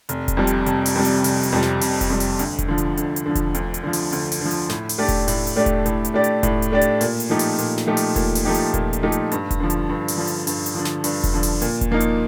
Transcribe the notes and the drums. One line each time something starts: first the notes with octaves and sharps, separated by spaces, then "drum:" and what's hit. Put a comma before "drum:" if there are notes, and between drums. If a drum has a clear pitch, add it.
F1, drum: hi-hat
drum: kick E1, hi-hat
F2 C3 G3
drum: hi-hat
F1, drum: hi-hat
drum: open hi-hat
F2 C3 G3
drum: hi-hat
F1, drum: open hi-hat
drum: hi-hat
F2 C3 G3
drum: snare
F1, drum: open hi-hat
drum: kick E1, hi-hat
F2 C3 G3
drum: open hi-hat
D2, drum: hi-hat
drum: kick E1, hi-hat
D3 F3
drum: hi-hat
D2, drum: hi-hat
drum: hi-hat
D3 F3
drum: kick E1, hi-hat
D2, drum: hi-hat
drum: hi-hat
D3 F3
drum: open hi-hat
D2, drum: hi-hat
drum: open hi-hat
D3 F3
drum: hi-hat
A2, drum: snare
drum: open hi-hat
A3 D4 G4 D5
drum: kick E1, hi-hat
A2, drum: open hi-hat
drum: hi-hat
A3 D4 G4 D5
drum: kick E1, hi-hat
A2, drum: hi-hat
drum: hi-hat
A3 D4 G4 D5
drum: hi-hat
A2, drum: kick E1, hi-hat
drum: hi-hat
A3 D4 G4 D5
drum: hi-hat
A#2, drum: open hi-hat
drum: hi-hat
F3 A3 D#4 G4
drum: open hi-hat
A#2, drum: hi-hat
drum: snare
F3 A3 D#4 G4
drum: open hi-hat
A#2, drum: kick E1, hi-hat
drum: open hi-hat
F3 A3 D#4 G4
drum: hi-hat
A#2, drum: kick E1, hi-hat
drum: hi-hat
F3 A3 D#4 G4
drum: hi-hat
G2, drum: hi-hat
drum: kick E1, hi-hat
D3 F3
drum: hi-hat
G2
drum: open hi-hat
D3 F3
drum: hi-hat
G2, drum: open hi-hat
drum: hi-hat
D3 F3
drum: snare
G2, drum: open hi-hat
drum: kick E1, hi-hat
D3 F3
drum: open hi-hat
A#2, drum: hi-hat
drum: kick E1, hi-hat
F3 A#3 D#4 A#4
drum: hi-hat